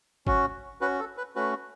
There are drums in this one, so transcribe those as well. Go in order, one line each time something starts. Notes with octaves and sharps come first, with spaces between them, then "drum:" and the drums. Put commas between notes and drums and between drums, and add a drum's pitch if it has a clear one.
C#4 F#4, drum: kick G1
C#4 F#4 B4
A4
B4
A3 C#4 F#4 B4